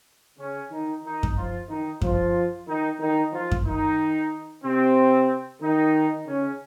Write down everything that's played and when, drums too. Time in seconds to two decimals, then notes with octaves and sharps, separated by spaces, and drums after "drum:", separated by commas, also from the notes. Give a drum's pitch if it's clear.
0.38 C#3 C#4
0.71 D#3 D#4
1.04 D#3 D#4
1.23 drum: kick F#2
1.36 F3 F4
1.69 D#3 D#4
2.02 F3 F4, drum: kick F#2
2.68 D#3 D#4
3.00 D#3 D#4
3.32 F3 F4
3.51 drum: kick F#2
3.65 D#3 D#4
4.63 C3 C4
5.61 D#3 D#4
6.27 C#3 C#4